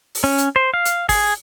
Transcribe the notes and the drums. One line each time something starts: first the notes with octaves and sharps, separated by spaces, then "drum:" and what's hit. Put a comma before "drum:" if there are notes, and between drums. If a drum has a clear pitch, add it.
drum: open hi-hat
C#4
drum: hi-hat
C5
F5
drum: hi-hat
G#4, drum: kick, open hi-hat